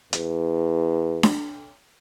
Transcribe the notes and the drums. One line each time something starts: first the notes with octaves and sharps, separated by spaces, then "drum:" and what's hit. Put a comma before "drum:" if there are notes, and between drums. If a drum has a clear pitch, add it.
E2, drum: hi-hat
drum: snare D4